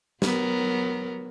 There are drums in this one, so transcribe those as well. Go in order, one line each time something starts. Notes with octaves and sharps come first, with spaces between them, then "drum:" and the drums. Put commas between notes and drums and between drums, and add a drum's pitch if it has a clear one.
F#3 B3 A#4, drum: snare